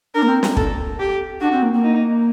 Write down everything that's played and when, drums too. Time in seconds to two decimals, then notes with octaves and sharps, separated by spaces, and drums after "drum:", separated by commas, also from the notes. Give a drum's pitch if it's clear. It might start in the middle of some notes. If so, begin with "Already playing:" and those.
0.15 D4 A#4
0.22 A#3
0.28 C4
0.43 drum: snare
0.57 A4, drum: kick
0.99 G4
1.41 D4 F#4
1.52 C4
1.62 A#3
1.73 A#3
1.84 D#4